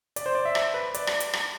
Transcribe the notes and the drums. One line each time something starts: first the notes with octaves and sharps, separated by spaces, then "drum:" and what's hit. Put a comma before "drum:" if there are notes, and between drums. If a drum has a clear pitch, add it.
D5, drum: hi-hat
C5
D5
E5
drum: rim click
B4
D5, drum: hi-hat
drum: rim click
drum: hi-hat
drum: rim click